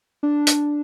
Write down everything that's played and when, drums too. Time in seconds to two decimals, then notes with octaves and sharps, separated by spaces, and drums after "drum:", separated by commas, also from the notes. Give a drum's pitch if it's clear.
0.23 D4
0.47 drum: hi-hat